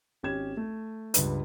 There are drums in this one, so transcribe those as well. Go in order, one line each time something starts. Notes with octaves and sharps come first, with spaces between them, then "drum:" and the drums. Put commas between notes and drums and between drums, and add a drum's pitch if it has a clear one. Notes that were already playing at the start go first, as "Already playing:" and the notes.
G#1 C#4 G4 G#6 E7
A3
C#2 G2 B4, drum: hi-hat